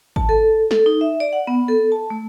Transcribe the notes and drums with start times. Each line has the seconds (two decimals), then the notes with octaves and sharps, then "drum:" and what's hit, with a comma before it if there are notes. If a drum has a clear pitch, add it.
0.16 A5, drum: kick
0.29 A4
0.71 A4, drum: snare
0.86 D#4
1.01 E5
1.20 D5
1.33 F#5
1.47 B3
1.68 A4
1.92 A5
2.10 A3